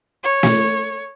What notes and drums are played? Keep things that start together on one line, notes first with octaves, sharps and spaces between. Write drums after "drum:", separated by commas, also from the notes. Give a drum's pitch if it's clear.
C#5
drum: snare